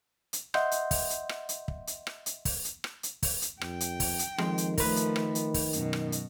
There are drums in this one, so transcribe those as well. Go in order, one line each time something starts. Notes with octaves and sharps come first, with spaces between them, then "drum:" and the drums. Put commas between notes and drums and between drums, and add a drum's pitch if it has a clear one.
drum: hi-hat
D#5 E5 F#5 C6 G6, drum: rim click
drum: hi-hat
drum: kick, open hi-hat
drum: hi-hat
drum: rim click
drum: hi-hat
drum: kick
drum: hi-hat
drum: rim click
drum: hi-hat
drum: kick, open hi-hat
drum: hi-hat
drum: rim click
drum: hi-hat
drum: kick, open hi-hat
drum: hi-hat
F2 G5, drum: rim click
drum: hi-hat
drum: kick, open hi-hat
drum: hi-hat
F2 D#3 G#3, drum: rim click
drum: hi-hat
F3 A3 A#4 B4, drum: kick, open hi-hat
drum: hi-hat
drum: rim click
drum: hi-hat
drum: kick, open hi-hat
F#2 B2, drum: hi-hat
drum: rim click
drum: hi-hat